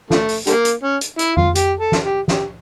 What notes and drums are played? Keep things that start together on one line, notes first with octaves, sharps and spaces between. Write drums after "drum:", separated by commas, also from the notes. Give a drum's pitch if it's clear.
D3 F3 A3, drum: snare
drum: open hi-hat
D3 G3 A#3, drum: hi-hat
drum: hi-hat
C#4
drum: hi-hat
E4, drum: hi-hat
F4, drum: tom F2
G4, drum: hi-hat
A4
drum: snare
G4
G4, drum: snare